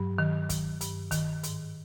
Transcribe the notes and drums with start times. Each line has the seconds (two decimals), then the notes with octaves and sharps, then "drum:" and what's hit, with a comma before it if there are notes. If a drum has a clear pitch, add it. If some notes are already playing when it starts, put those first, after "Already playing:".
Already playing: G2 F#3
0.18 D#3
0.49 D#3, drum: kick, hi-hat
0.81 G2, drum: hi-hat
1.11 D#3, drum: kick, hi-hat
1.43 G#2, drum: hi-hat